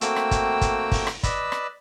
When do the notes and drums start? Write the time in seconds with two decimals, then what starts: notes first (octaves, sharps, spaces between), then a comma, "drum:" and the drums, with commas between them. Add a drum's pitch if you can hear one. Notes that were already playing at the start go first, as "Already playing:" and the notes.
0.01 A3 A#3 C4 F#4 G5 E6, drum: hi-hat
0.16 drum: rim click
0.31 drum: kick, hi-hat
0.61 drum: kick, hi-hat
0.92 drum: kick, open hi-hat
1.07 drum: rim click
1.23 B4 D5 D#5 B5 E6, drum: kick, hi-hat
1.52 drum: rim click